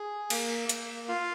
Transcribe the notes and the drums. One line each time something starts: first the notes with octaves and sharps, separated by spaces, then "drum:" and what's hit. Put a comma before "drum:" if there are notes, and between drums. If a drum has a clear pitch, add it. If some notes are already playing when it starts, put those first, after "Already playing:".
Already playing: G#4
A#3, drum: cymbal
A#3, drum: hi-hat
F4 F5